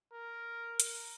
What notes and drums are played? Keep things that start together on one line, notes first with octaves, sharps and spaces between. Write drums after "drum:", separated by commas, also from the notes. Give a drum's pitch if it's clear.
A#4
drum: hi-hat